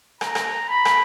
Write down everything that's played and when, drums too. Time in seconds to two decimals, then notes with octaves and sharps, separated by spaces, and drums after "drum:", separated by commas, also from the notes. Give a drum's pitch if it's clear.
0.21 A#5, drum: rim click
0.35 drum: rim click
0.69 B5
0.85 drum: rim click